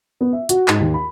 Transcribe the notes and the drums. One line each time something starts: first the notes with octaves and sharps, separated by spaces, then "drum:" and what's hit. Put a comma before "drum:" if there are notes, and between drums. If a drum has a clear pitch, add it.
B3
E5
F#4, drum: hi-hat
G#2, drum: clap
D#2
B5